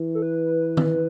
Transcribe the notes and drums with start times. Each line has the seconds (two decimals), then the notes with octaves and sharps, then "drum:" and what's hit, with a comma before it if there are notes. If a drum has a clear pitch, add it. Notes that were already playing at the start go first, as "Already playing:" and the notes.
Already playing: E3
0.15 A4
0.22 B4
0.77 drum: tom D#3